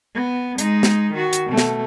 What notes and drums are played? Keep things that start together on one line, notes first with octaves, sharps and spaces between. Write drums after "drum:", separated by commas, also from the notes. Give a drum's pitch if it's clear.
B3
G#3 D#4, drum: hi-hat
drum: snare
D#3 F#4
drum: hi-hat
B2 A3
drum: snare